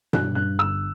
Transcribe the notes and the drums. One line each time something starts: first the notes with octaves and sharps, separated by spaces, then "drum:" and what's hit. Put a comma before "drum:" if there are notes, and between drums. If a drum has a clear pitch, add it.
G2 F#6, drum: tom B2
G2 F#6
G1 E6